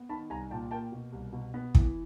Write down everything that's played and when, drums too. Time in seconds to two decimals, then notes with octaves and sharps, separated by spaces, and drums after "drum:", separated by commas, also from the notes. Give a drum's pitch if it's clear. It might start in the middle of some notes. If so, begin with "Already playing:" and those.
Already playing: B3
0.09 D#3 A5 B5
0.30 C2 G#5 A#5
0.51 A#2 G5 A5
0.71 A#3 G5 A5
0.92 B2
1.12 C2
1.33 B2
1.54 B3
1.75 E3, drum: kick